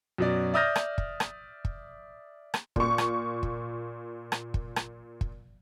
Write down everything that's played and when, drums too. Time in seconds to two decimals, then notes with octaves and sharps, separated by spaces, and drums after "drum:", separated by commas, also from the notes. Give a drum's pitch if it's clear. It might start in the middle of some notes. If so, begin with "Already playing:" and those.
0.18 F#2 B2 D5
0.54 D5 E5 D#6 F6 G6 A#6
0.76 drum: rim click
0.98 drum: kick
1.20 drum: rim click
1.65 drum: kick
2.54 drum: rim click
2.76 A#2 C#6, drum: kick
2.98 drum: rim click
3.43 drum: kick
4.32 drum: rim click
4.54 drum: kick
4.76 drum: rim click
5.21 drum: kick